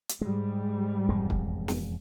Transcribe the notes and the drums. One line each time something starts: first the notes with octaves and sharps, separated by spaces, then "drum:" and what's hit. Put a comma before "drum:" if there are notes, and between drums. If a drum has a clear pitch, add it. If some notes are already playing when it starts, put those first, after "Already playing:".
drum: hi-hat
G#2 G3 G#3
E1 F2 G#3
drum: kick
drum: snare